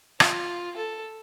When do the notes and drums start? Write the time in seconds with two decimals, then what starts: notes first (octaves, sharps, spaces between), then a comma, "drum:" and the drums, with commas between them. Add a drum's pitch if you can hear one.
0.20 F4, drum: rim click
0.76 A4